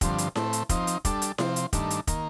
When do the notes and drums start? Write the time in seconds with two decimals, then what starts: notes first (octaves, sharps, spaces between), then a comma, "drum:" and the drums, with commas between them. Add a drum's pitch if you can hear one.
0.01 G2 D3 F3 C4, drum: kick, hi-hat
0.18 drum: hi-hat
0.36 A2 A3 C4, drum: snare E4
0.53 drum: hi-hat
0.69 F3 C4 D#4, drum: kick, hi-hat
0.87 drum: hi-hat
1.05 G3 D4 A4, drum: kick, hi-hat
1.22 drum: hi-hat
1.38 C3 F3 C4, drum: snare E4
1.56 drum: hi-hat
1.73 G2 D#3 A3 D4, drum: kick, hi-hat
1.90 drum: hi-hat
2.07 D#3 A#3, drum: kick, hi-hat